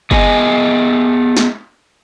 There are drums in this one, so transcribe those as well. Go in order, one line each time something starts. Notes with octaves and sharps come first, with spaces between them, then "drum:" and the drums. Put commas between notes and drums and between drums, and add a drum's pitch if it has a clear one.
A3 B3 G#4 D#5 G#5, drum: kick F#1
drum: snare